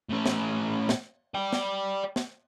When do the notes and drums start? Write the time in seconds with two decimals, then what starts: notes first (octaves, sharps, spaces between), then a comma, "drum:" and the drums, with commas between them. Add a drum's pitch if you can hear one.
0.10 A2 C#4
0.26 drum: snare
0.89 drum: snare
1.35 D5 G5
1.53 drum: snare
2.16 drum: snare